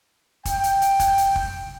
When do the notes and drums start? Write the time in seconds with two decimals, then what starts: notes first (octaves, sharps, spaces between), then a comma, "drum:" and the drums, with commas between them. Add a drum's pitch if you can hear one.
0.45 G5, drum: kick, hi-hat
0.63 drum: hi-hat
0.81 drum: hi-hat
1.00 drum: kick, hi-hat
1.18 drum: hi-hat
1.36 drum: kick